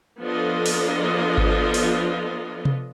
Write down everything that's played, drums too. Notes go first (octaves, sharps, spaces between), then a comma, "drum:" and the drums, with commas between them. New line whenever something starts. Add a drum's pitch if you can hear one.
F3 B3 D4 F4 A4 D#5
drum: open hi-hat
drum: kick G#1
drum: open hi-hat
drum: tom C3